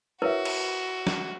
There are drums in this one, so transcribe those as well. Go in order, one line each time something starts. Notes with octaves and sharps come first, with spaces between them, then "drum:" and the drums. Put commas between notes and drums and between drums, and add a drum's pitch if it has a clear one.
E4 F#4 A#4 B4 C#5 E5
drum: cymbal
drum: snare